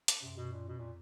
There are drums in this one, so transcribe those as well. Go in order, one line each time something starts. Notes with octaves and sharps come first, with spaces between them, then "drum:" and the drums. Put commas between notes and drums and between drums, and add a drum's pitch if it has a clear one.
drum: hi-hat
F#2 C3
B2
A#2
F2 B2
A#2